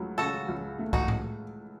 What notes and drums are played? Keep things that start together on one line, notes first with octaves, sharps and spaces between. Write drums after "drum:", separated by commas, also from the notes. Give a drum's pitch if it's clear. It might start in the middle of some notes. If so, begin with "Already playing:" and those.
Already playing: C#2 F#3 A3
C#3 F#4 A4
C#2
A3
D#4 F#4, drum: kick C2
drum: tom A2